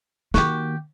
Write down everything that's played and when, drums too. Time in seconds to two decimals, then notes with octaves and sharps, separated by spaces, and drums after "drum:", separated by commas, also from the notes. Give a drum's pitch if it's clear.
0.34 D#3 A#3 F#4 G4, drum: snare